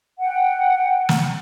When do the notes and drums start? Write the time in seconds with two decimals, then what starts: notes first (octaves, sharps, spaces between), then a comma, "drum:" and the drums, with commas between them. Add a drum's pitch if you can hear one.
0.20 F#5 G5
1.09 drum: snare